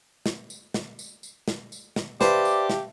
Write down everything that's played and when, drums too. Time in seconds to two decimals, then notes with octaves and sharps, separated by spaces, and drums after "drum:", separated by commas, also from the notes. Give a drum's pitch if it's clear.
0.26 drum: snare
0.50 drum: tambourine
0.74 drum: snare
0.99 drum: tambourine
1.23 drum: tambourine
1.48 drum: snare
1.72 drum: tambourine
1.96 drum: snare
2.21 G4 B4 C5 D5 E5 F5 A5, drum: snare
2.45 drum: tambourine
2.70 drum: snare